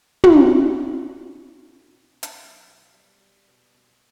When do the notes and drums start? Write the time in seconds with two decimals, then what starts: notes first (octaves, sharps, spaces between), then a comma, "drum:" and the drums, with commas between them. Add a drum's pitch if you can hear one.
0.24 C3, drum: tom
0.50 G3
0.73 A6
0.77 G3 G6
1.04 E3
1.31 G3
1.59 A2
1.86 B2
2.13 B2
2.23 drum: hi-hat
2.40 F#3 A6
2.67 B2
2.94 G3
3.20 G3
3.48 B2
3.75 B2